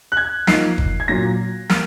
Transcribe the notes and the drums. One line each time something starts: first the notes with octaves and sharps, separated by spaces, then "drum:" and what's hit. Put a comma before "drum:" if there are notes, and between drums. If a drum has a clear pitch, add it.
F#6
G#6
F3 A#3 D#4 C7, drum: snare
drum: kick
G#6
A#2 F#3 A#3 A#6
A#3 F6, drum: snare